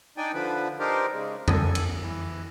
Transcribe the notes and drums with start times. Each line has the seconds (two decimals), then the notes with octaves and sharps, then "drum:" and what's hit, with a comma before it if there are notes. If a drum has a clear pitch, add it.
0.18 D4 D#4 D5 G5 G#5
0.34 D3 F3 B4
0.79 D4 D#4 G4 A#4 C5
1.12 C#3 G#3
1.48 A4 G#5, drum: tom F2
1.75 drum: cymbal
2.01 E3